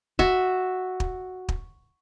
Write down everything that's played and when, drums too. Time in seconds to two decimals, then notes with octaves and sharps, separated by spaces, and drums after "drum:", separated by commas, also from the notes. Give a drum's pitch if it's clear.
0.19 F#4 E5, drum: kick
1.00 drum: kick
1.49 drum: kick